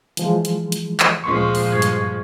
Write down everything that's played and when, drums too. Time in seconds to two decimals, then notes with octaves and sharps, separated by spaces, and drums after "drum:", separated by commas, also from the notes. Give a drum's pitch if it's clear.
0.17 E3 F3 G#3, drum: hi-hat
0.45 drum: hi-hat
0.72 drum: hi-hat
1.00 drum: clap
1.24 D2 A#2 F3 G#3 C6 C#6
1.55 drum: open hi-hat
1.72 G2 C#6 G#6
1.82 drum: hi-hat